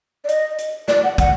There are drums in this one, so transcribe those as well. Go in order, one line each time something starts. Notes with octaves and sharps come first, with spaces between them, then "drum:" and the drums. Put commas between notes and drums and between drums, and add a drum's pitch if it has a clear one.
D5
D#5, drum: hi-hat
drum: hi-hat
D5, drum: snare
F#5
F#5, drum: kick, hi-hat